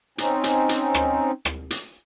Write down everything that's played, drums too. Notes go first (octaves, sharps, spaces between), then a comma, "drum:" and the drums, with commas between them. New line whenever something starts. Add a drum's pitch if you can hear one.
C4 C#4 D#4, drum: hi-hat
drum: hi-hat
drum: hi-hat
drum: rim click
drum: rim click
drum: hi-hat